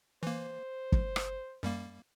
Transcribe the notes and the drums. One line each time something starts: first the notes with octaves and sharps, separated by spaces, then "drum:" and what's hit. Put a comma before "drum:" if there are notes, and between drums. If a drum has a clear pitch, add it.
E3 A#3 C5
drum: kick
drum: rim click
F#2 G3 A#3